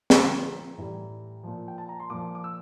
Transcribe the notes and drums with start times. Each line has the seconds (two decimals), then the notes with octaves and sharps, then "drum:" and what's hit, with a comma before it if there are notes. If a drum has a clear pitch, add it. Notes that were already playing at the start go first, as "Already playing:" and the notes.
0.10 A#2 F3 A#5, drum: snare
0.77 A2 E3 G3
1.43 A#2 F3
1.68 G5
1.78 A5
1.89 A#5
2.00 C6
2.10 A#2 F3 D6
2.35 D6
2.44 E6